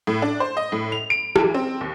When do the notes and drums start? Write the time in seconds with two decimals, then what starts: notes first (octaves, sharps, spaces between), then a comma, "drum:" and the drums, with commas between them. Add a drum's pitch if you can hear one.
0.07 A2
0.22 D4
0.40 C5
0.57 D#5
0.72 A2
0.92 F7
1.10 D7
1.36 E3, drum: rim click
1.54 C4
1.81 D#2